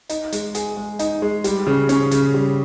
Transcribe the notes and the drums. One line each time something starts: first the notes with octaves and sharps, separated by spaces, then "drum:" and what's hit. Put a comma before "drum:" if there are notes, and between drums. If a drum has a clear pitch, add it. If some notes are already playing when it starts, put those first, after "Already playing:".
D#4, drum: hi-hat
G#3, drum: hi-hat
G#4, drum: hi-hat
G#3
D#4, drum: hi-hat
G#3
G3, drum: hi-hat
C#3
C#4, drum: hi-hat
C#3, drum: hi-hat
G3